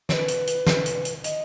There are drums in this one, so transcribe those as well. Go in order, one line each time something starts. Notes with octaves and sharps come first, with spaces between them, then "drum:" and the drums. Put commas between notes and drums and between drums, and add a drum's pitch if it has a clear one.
C#5, drum: snare
B4
drum: hi-hat
drum: hi-hat
drum: snare
drum: hi-hat
drum: hi-hat
D#5, drum: hi-hat